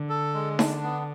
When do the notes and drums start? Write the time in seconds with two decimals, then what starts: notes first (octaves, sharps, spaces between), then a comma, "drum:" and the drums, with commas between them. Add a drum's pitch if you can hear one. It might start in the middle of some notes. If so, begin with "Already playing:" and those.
Already playing: D3
0.10 A4
0.34 G#3
0.59 D4, drum: snare D#4
0.83 B3